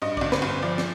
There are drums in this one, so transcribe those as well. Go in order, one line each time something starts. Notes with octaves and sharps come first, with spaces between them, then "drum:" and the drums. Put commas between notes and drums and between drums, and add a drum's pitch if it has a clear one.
G2 D#5
G1 D5, drum: kick
B4, drum: snare
G1 C5
F3 D5
drum: snare